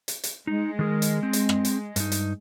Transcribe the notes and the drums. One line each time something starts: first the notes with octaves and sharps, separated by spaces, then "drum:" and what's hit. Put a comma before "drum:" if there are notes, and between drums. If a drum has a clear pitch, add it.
drum: hi-hat
drum: hi-hat
G#3 D#4
D#3 G#4 A#4
drum: hi-hat
C4
drum: hi-hat
drum: rim click
drum: hi-hat
G2 D#4, drum: hi-hat
drum: hi-hat